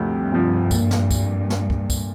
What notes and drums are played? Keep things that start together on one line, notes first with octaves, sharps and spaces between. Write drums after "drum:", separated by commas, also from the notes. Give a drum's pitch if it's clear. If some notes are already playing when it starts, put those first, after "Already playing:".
Already playing: D2 G2 C3 F3
C3 F3
A#2, drum: kick, tambourine
drum: snare
drum: kick, tambourine
drum: snare
drum: kick
drum: kick, tambourine